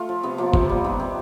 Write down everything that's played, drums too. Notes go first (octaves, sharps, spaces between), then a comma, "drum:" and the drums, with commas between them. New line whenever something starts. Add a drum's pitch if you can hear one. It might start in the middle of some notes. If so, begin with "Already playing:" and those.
Already playing: A3 F4
F3
C3 B3
F3 A#3
C3 B3, drum: kick
G3 A#3
D#3 B3
C3